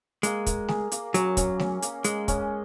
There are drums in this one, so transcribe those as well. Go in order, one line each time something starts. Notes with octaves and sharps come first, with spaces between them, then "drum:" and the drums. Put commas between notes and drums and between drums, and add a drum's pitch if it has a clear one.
G#3 A#3, drum: hi-hat
A#3, drum: kick, hi-hat
G#4, drum: snare A3
A#3, drum: hi-hat
F#3 C#4, drum: hi-hat
C#4, drum: kick, hi-hat
C#4, drum: snare A3
A#3, drum: hi-hat
G#3 D#5, drum: hi-hat
C#4, drum: kick, hi-hat